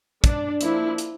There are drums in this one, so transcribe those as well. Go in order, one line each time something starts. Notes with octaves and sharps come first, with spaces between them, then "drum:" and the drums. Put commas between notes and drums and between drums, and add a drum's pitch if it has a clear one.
D4, drum: kick, hi-hat
F3 A#3 D4 E4, drum: hi-hat
drum: hi-hat